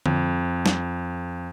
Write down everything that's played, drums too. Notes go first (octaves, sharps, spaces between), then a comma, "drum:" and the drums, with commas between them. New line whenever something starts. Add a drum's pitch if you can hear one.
F2, drum: tom D3
drum: snare